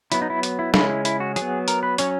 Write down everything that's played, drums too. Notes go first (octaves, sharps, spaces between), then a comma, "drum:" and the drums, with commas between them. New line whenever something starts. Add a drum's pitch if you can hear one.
F#3 B3 E4, drum: hi-hat
D#4
E4
drum: hi-hat
E4
C#3 G#3 C#4 E4, drum: snare
E4
E4, drum: hi-hat
F#4
F#3 G#4, drum: hi-hat
B3
A#4, drum: hi-hat
B4
F#3 C#4 C#5, drum: hi-hat